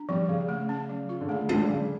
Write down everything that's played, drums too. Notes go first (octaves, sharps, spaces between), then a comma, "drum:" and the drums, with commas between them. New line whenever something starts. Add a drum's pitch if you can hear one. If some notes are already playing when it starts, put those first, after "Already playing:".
Already playing: D4
F3 G3
C#3 F3
A3
C#4
F#3
F4
D3
C#3 A3
D3 C#4, drum: tom G#3
C#3 F#3